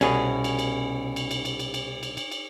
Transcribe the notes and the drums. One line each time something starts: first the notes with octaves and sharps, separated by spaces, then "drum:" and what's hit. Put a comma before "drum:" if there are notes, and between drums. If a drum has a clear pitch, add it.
C2 B2 C#4 G#4, drum: cymbal
drum: cymbal
drum: cymbal
drum: cymbal
drum: cymbal
drum: cymbal
drum: cymbal
drum: cymbal
drum: cymbal
drum: cymbal
drum: cymbal